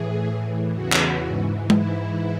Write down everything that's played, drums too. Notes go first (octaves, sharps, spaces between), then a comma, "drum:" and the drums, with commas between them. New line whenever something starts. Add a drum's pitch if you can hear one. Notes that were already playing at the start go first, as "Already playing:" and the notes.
Already playing: A2 E3 G#4
A2 E3
E2 C#3 E3 F#4
drum: clap
G#2 E3
G#2 E3 E4, drum: tom G#3